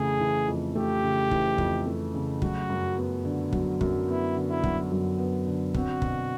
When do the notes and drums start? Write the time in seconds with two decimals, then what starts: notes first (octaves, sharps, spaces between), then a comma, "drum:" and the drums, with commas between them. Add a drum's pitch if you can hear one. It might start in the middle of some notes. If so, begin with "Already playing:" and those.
Already playing: F2 C#3 E3 A3 G#4
0.20 E3
0.48 F2
0.75 A3 G4
1.03 C#3
1.31 E3, drum: kick
1.58 F2, drum: kick
1.87 A3
2.14 C#3
2.42 F#3 F#4, drum: kick
2.69 F#2
2.97 B3
3.25 D3
3.53 F#3, drum: kick
3.81 F#2, drum: kick
4.08 B3 E4
4.36 D3
4.50 E4
4.64 F#3, drum: kick
4.91 F#2
5.18 B3
5.47 D3
5.74 C4 F#4, drum: kick
6.02 B2, drum: kick